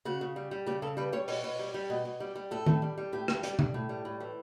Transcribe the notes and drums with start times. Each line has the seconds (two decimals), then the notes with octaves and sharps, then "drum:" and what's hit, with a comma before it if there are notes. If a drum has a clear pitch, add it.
0.05 C#3 F#4
0.21 C#3
0.36 G3
0.51 G3
0.66 C#3 G4
0.82 C#3 A4
0.97 G3 B4
1.12 G3 C#5
1.28 B2 C#5, drum: open hi-hat
1.44 B2
1.59 G3
1.74 G3
1.90 B2
2.05 B2
2.20 G3
2.36 G3
2.51 A2 A4
2.66 A2, drum: tom D#3
2.82 G3
2.98 G3
3.13 A2 G4
3.28 A2, drum: rim click
3.43 G3, drum: hi-hat
3.59 G3, drum: tom B2
3.74 A2
3.89 G3
4.05 A2
4.20 E3